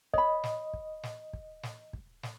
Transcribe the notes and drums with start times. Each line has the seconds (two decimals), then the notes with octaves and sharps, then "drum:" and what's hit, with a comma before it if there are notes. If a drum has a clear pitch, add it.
0.14 C#5 D#5 B5, drum: kick
0.44 drum: snare
0.73 drum: kick
1.03 drum: snare
1.33 drum: kick
1.63 drum: snare
1.93 drum: kick
2.23 drum: snare